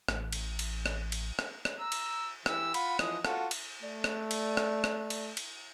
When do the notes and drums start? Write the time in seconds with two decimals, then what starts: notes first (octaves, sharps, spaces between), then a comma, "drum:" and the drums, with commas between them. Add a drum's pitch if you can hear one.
0.08 A1, drum: rim click
0.33 drum: cymbal
0.59 drum: cymbal
0.86 drum: rim click
1.12 drum: cymbal
1.39 drum: rim click
1.65 drum: rim click
1.79 A#5 E6
1.92 drum: cymbal
2.46 E3 G4 E6, drum: rim click
2.74 F4 F#5 B5, drum: cymbal
2.99 E3 F3 D#5, drum: rim click
3.25 F4 F#4 A4, drum: rim click
3.51 drum: cymbal
3.83 A3 D5
4.04 drum: rim click
4.31 drum: cymbal
4.57 drum: rim click
4.84 drum: rim click
5.10 drum: cymbal
5.37 drum: cymbal